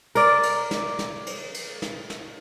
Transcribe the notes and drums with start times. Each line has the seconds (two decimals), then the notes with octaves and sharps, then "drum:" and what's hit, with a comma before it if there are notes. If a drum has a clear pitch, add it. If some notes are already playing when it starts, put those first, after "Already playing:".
0.15 A#4 D5, drum: cymbal
0.43 drum: cymbal
0.71 drum: snare
0.99 drum: snare
1.27 drum: cymbal
1.54 drum: cymbal
1.82 drum: snare
2.10 drum: snare